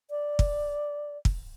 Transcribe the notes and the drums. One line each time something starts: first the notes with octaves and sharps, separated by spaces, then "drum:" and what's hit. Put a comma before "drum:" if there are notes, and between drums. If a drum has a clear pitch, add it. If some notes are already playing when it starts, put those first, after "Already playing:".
D5
drum: kick
drum: kick